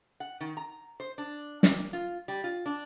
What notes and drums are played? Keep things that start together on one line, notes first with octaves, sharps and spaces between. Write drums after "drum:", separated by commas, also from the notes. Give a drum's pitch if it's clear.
F#5
D#3
A#5
C5
D4
A#3, drum: snare
F4
G3
F4
D4